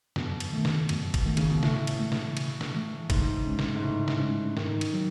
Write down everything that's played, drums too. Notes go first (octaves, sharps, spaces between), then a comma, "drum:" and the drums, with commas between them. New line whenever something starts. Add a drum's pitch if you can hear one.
F#2 B2, drum: snare
drum: cymbal
D#3 A3
drum: snare
F#2 B2, drum: cymbal
drum: kick, cymbal
D#3 A3
C#3, drum: cymbal
B2
A2 C#3, drum: snare
drum: cymbal
E3 A3
drum: snare
C#3, drum: cymbal
drum: snare
E3 A3
G#2 C#3, drum: kick, cymbal
G#3 C#4
drum: snare
G#2
A2 C#3
drum: snare
G#3 C#4
G#2 D#3, drum: snare
drum: cymbal
F#3